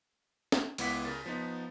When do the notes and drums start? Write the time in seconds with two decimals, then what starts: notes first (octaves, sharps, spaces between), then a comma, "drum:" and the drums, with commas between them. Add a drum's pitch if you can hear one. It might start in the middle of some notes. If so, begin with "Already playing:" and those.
0.52 drum: snare
0.78 C#2 B3 E4 F#5 D6 B6, drum: cymbal
1.05 C#3 A#4 A6
1.26 F3 B3 D#4